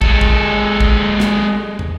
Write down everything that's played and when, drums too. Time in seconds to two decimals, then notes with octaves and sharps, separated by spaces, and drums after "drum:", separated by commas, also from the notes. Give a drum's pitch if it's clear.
0.02 G#3 A4, drum: kick
0.21 drum: kick
0.80 drum: kick
1.20 drum: snare
1.79 drum: tom